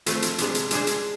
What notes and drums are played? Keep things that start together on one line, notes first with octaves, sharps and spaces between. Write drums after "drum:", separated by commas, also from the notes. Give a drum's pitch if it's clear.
F3 A3 C4 F4 B4, drum: hi-hat
drum: hi-hat
C3 G#3 B3 D4, drum: hi-hat
drum: hi-hat
G#3 D4 G#4 C5, drum: hi-hat
drum: hi-hat